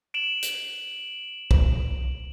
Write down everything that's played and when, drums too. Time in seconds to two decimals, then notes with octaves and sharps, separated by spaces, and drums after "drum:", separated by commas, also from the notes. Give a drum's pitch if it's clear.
0.14 D7 E7 F#7
0.42 drum: hi-hat
1.51 drum: kick B1